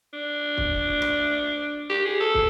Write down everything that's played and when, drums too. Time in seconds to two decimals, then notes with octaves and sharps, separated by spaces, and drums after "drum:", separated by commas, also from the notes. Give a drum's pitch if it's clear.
0.14 D4
0.58 drum: kick
1.02 drum: rim click
1.90 G4
2.05 G#4
2.20 A4
2.34 drum: kick